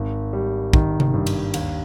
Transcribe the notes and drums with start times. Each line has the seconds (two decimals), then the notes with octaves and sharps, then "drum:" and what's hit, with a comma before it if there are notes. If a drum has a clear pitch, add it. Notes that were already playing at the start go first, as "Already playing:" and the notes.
Already playing: G#1
0.33 G3
0.73 D#3, drum: kick
1.00 drum: tom C3
1.14 G2
1.27 drum: cymbal
1.54 D#2, drum: cymbal